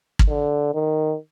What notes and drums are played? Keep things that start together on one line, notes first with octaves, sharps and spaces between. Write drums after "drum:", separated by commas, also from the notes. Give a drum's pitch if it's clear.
drum: kick
D3
D#3